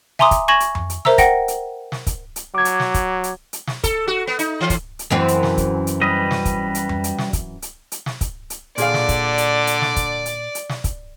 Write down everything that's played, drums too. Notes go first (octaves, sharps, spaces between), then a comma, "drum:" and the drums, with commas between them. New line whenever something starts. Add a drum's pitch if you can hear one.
E5 G#5 A#5 C6 D6 D#6, drum: snare
drum: kick, hi-hat
G#5 C#6 G#6 A#6 E7 F#7
drum: hi-hat
drum: tom F2
drum: hi-hat
A#4 C5 E5 A#5 E6, drum: snare
F#5 G5 A#6, drum: kick, hi-hat
drum: hi-hat
drum: snare
drum: kick, hi-hat
drum: hi-hat
F#3 D6 G#6
drum: hi-hat
drum: snare
drum: kick, hi-hat
drum: hi-hat
drum: hi-hat
drum: snare
A4, drum: kick, hi-hat
F#4
B3
D#4, drum: hi-hat
E3
drum: kick, hi-hat
drum: hi-hat
F#2 E3 C4
drum: hi-hat
drum: snare
drum: kick, hi-hat
drum: hi-hat
G3 B4 D#5
drum: snare
drum: kick, hi-hat
drum: hi-hat
drum: tom F2
drum: hi-hat
drum: snare
drum: kick, hi-hat
drum: hi-hat
drum: hi-hat
drum: snare
drum: kick, hi-hat
drum: hi-hat
A#2 D3 G#4 D5 F5, drum: hi-hat
drum: snare
drum: kick, hi-hat
drum: hi-hat
drum: hi-hat
drum: snare
drum: kick, hi-hat
drum: hi-hat
drum: hi-hat
drum: snare
drum: kick, hi-hat